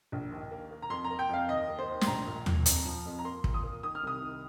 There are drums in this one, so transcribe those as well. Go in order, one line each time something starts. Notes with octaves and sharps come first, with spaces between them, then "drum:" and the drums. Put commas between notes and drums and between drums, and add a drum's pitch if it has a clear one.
A#1
D#2
A#3
A#3
A#5
F2 C6
A#5
A#3
G5
F2 F5
D#2 D#5
A#3
C5
D#2
C6, drum: snare
A#1 A#5
A#2
A#2, drum: tom D#2
F2, drum: hi-hat
F3
F2
A#5
A#3 C6
A#2, drum: kick
D#6
A#3
D#3 D#6
F6
C2 D#6
D#3